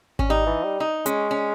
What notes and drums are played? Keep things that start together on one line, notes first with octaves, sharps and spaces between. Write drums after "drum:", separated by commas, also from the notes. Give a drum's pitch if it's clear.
C#4, drum: kick G#1
G3 D#4
E3
G3
D#4
G#3 C#4, drum: hi-hat
C#4